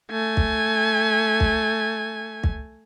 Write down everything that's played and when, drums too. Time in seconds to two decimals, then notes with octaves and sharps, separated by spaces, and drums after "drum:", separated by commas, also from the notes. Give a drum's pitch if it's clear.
0.11 A3 G#5
0.37 drum: kick
1.40 drum: kick
2.44 drum: kick